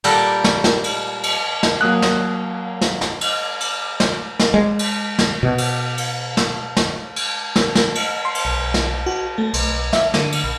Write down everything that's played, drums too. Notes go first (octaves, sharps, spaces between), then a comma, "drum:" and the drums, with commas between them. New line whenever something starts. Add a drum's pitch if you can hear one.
A#2 G3 A4 A#4 F#5 G5, drum: cymbal
drum: snare
drum: snare
drum: cymbal
drum: cymbal
drum: snare
F#3 A#3 D#6 F#6
drum: snare
drum: snare
drum: snare
drum: cymbal
drum: cymbal
drum: snare
drum: snare
G#3
drum: cymbal
drum: snare
B2
drum: cymbal
drum: cymbal
drum: snare
drum: snare
drum: cymbal
drum: snare
drum: snare
drum: cymbal
C6
drum: cymbal
B1
drum: snare
F#4
A3
B1, drum: cymbal
E5, drum: snare
D3, drum: snare
drum: cymbal
A#1